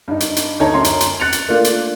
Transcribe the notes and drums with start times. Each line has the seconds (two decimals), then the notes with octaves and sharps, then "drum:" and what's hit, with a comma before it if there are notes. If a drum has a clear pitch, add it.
0.08 G2 D#4
0.20 drum: hi-hat
0.36 drum: hi-hat
0.60 D2 D#4 C#5 A5 A#5
0.74 F#2 A#5 C6
0.84 drum: hi-hat
1.00 drum: hi-hat
1.20 F#6 A6 C#7 F7
1.32 drum: hi-hat
1.48 A3 A#3 D4 F4
1.64 drum: hi-hat